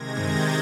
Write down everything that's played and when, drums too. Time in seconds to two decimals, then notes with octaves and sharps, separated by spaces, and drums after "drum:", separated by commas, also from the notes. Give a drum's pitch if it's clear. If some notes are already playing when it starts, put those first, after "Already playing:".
Already playing: C3 D#3 G#3 G#6 A#6
0.17 G6 A6, drum: tom F#2